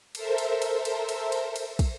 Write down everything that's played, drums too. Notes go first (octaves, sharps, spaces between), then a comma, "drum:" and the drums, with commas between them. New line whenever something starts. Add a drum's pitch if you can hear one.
A4 A#4 C5 E5, drum: cymbal
drum: cymbal
drum: cymbal
drum: cymbal
drum: cymbal
drum: cymbal
drum: cymbal
drum: kick, cymbal